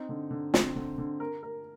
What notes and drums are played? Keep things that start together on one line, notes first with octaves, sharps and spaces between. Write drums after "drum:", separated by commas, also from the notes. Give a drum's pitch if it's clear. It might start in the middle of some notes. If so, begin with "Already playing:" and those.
Already playing: C4 D#4
D3
D3
D3 C4, drum: snare
D3
D3
A#4
A#4